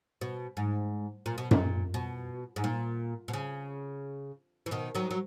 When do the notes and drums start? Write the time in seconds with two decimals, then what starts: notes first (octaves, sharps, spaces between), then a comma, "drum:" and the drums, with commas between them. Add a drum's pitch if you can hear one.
0.21 B2
0.57 G#2
1.26 A#2
1.38 B2
1.51 A#2, drum: tom F#2
1.94 B2
2.56 G#2
2.64 A#2
3.28 B2
3.33 C#3
4.66 E3
4.71 B2 D#3
4.95 D#3 F#3
5.11 F#3